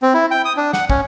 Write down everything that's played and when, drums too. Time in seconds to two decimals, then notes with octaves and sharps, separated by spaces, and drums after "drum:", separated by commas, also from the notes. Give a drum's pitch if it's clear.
0.02 C4
0.14 E4
0.31 G5
0.45 D#6
0.57 D4
0.73 F#5, drum: snare
0.90 C#4, drum: kick